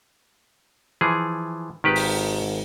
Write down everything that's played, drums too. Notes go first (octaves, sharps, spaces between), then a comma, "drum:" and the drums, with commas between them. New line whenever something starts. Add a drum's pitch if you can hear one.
E3 F3 G#4
G#1 D#3 G4 B4
drum: open hi-hat